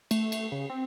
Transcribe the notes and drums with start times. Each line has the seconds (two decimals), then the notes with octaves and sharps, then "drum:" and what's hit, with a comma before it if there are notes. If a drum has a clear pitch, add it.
0.11 A3, drum: cymbal
0.32 drum: cymbal
0.52 C#3
0.70 C4